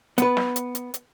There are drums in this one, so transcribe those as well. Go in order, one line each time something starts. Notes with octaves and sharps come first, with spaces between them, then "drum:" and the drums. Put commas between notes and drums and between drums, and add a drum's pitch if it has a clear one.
B3 B4, drum: hi-hat
drum: snare
drum: hi-hat
drum: hi-hat
drum: hi-hat